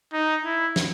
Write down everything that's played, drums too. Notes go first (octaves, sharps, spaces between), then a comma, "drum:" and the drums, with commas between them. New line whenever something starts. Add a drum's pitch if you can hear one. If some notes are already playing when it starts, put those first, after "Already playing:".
D#4
E4
drum: snare